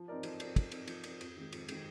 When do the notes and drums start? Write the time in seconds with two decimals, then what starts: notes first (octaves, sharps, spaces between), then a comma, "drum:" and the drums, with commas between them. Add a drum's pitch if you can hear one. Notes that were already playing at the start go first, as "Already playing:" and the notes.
Already playing: F3
0.08 C4 D#4 A#4 D5
0.23 F3, drum: cymbal
0.40 C4 D#4 A#4 D5, drum: cymbal
0.56 F3, drum: kick, cymbal
0.72 C4 D#4 A#4 D5, drum: cymbal
0.88 F3, drum: cymbal
1.04 C4 D#4 A#4 D5, drum: cymbal
1.21 F2, drum: cymbal
1.37 D#3 G#3
1.52 F2, drum: cymbal
1.69 D#3 G#3, drum: cymbal